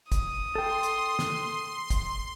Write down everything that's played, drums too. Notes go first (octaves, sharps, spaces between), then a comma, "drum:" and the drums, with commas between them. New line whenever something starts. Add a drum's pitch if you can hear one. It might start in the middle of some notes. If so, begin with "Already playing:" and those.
D#6, drum: kick, hi-hat
A4 G5 C6
drum: hi-hat
drum: snare
drum: kick, hi-hat